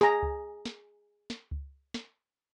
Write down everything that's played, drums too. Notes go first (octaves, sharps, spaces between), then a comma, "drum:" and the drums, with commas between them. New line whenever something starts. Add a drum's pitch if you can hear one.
G#4 A#5, drum: snare
drum: kick C#2
drum: snare
drum: snare
drum: kick C#2
drum: snare